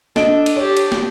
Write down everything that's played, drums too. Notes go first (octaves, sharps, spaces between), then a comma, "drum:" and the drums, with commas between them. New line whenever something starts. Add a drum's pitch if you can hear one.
D4 A4 D#5 D7, drum: snare
drum: cymbal
G4 C#5 A5
drum: cymbal
drum: snare